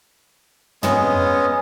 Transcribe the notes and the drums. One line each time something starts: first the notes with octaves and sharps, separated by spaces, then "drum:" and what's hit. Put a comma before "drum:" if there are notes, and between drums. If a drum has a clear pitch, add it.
G#3 B3 C#4 D#5, drum: tom